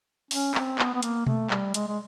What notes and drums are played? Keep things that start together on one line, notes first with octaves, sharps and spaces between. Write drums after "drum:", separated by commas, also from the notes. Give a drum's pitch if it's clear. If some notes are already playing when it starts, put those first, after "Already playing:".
C#4, drum: open hi-hat
C4, drum: clap
B3, drum: clap
B3
A#3, drum: hi-hat
A3, drum: tom B2
G3, drum: clap
G#3, drum: hi-hat
G#3